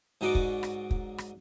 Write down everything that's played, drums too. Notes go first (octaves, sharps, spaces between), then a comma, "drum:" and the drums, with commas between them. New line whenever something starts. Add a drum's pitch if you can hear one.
G#2 F#3 D#4 F#4 D5 D6
drum: kick
drum: rim click
drum: kick
drum: rim click